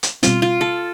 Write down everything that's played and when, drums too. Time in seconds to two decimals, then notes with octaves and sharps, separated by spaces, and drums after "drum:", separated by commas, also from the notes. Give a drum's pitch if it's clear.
0.03 drum: hi-hat
0.23 B2 G3 C4 F4, drum: hi-hat
0.42 F4
0.61 A4